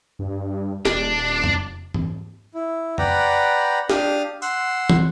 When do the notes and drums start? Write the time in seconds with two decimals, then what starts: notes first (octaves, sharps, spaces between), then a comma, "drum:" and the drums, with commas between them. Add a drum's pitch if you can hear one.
0.19 G2
0.85 D#1 D4, drum: snare
1.44 drum: tom F2
1.94 drum: tom G#2
2.54 E4
2.98 B4 D5 F#5 G5 A#5 B5, drum: tom F2
3.90 D4 G4 F5 D#6 F6, drum: snare
4.42 F#5 C6 E6, drum: tambourine
4.90 drum: tom